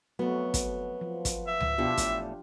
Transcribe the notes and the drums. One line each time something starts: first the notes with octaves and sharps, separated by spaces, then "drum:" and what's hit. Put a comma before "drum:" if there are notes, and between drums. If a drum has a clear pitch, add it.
F2 F#3 A3 B3 F#4
drum: kick, hi-hat
F3
drum: kick, hi-hat
E5
drum: tom C#2
B2 D4 F4 G4
E2 A2, drum: kick, hi-hat